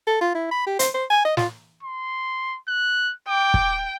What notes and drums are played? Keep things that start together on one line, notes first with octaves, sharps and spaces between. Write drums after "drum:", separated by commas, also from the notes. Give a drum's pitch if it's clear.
A4
F4
E4
B5
G4
C5, drum: hi-hat
C5
G#5
D#5
F4, drum: snare
C6
F#6
G5 D6
drum: kick